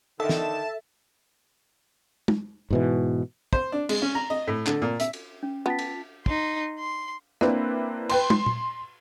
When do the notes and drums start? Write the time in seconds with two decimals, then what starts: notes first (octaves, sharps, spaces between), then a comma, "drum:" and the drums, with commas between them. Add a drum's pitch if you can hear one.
0.20 D3 D#3 A4 E5 A5
0.29 drum: snare
2.28 drum: tom
2.70 G#2 B2 E3
3.53 C5, drum: kick
3.72 D4
3.89 G#3, drum: cymbal
4.02 C#4
4.15 A#5
4.30 D#5
4.47 A2
4.67 D3, drum: clap
4.82 A#2
5.00 E5, drum: hi-hat
5.13 drum: cymbal
5.43 C#4
5.66 B3 C#4 F4 A5 A6 B6
5.79 drum: cymbal
6.26 D#4 C6, drum: kick
6.79 C6
7.41 A#3 C4 D4 E4 B4, drum: rim click
8.09 B4 G5 C6, drum: cymbal
8.30 C6, drum: tom
8.46 drum: tom A#2